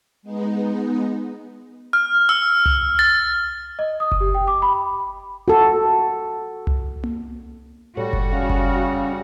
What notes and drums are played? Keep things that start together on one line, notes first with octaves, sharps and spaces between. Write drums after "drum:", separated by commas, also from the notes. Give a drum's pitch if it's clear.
G#3 B3 D#4
F6
E6
drum: tom C2
A6
D#5
D#6
drum: kick F#1
G4
G5
D6
B5
F#4 A4
drum: tom C2
drum: tom A#3
A2 G3 F#4 A4 C#5
drum: kick F#1
C#3 C#4 F5
drum: kick F#1